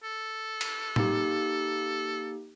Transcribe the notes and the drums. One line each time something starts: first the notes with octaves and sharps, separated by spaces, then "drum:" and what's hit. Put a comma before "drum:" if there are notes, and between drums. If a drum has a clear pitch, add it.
A4
drum: cymbal
A#3 D#4 G4, drum: tom A2